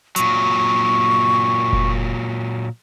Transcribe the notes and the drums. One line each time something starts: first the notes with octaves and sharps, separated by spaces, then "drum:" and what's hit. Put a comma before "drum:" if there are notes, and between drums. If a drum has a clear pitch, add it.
A#2 F#3 C#6, drum: hi-hat
drum: kick F1